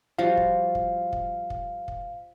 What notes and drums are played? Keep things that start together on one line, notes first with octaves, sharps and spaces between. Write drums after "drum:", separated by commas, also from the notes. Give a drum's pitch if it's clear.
F3 G3 F#4 F5
drum: kick
drum: kick
drum: kick
drum: kick
drum: kick